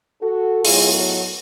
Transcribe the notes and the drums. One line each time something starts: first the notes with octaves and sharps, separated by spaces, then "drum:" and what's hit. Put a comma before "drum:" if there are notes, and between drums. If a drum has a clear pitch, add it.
F#4 A4
A2 F#3 B3 F4 G#4, drum: open hi-hat
F#4 A4